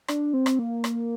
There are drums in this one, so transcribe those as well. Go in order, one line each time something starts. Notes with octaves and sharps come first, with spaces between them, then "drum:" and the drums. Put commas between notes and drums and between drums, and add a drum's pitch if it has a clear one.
D4, drum: rim click
C4
drum: rim click
A#3
drum: rim click